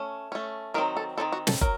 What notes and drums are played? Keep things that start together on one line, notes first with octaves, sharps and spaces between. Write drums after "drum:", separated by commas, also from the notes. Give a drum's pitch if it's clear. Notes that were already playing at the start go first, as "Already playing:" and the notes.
Already playing: A3 C#4
A3 C#4
D#3 F#3 C4 A#4
A4
D#3 F#3 C4 A4
F#4
A4, drum: snare
F#3 A#4, drum: kick